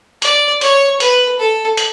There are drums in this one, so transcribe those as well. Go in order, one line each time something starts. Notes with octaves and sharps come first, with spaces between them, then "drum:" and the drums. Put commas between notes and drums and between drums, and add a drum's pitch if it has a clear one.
D5, drum: hi-hat
C#5, drum: hi-hat
B4, drum: hi-hat
A4
drum: hi-hat